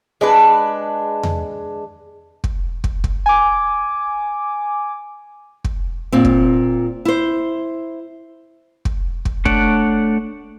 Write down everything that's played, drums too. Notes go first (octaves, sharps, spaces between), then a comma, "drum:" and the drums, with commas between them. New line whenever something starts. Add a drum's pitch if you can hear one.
G#3 D4 B4
drum: tom E2
drum: kick
drum: kick
drum: kick
G#5 D6
drum: kick
A#2 C4
drum: kick
E4 C5
drum: kick
drum: kick
A3 D4 C#5 D5 F#5, drum: kick